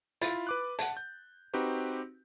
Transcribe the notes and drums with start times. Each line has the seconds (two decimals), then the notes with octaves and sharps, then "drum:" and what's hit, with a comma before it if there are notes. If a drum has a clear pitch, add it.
0.21 E4 F4 B5 A6, drum: hi-hat
0.47 B4 D6 F#6
0.79 F#5 A5, drum: hi-hat
0.97 G6
1.53 C4 D#4 F#4 G4 B4